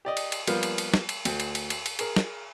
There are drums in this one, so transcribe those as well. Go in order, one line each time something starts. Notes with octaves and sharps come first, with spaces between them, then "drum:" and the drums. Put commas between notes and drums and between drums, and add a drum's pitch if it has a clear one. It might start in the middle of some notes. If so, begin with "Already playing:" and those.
G4 D5 D#5
drum: cymbal
drum: cymbal
F3 G3 A#3 B3 F4, drum: cymbal
drum: cymbal
drum: cymbal
drum: snare
drum: cymbal
D2, drum: cymbal
drum: cymbal
drum: cymbal
drum: cymbal
drum: cymbal
G#4 A#4, drum: cymbal
drum: snare